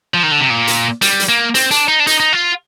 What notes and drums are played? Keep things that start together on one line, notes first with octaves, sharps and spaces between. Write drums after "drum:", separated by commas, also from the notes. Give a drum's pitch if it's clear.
F3
D#3
D3
C3
A#2
drum: hi-hat
G3, drum: hi-hat
drum: hi-hat
A#3
C4, drum: hi-hat
D4, drum: hi-hat
D#4
D4
D#4, drum: hi-hat
D#4
F4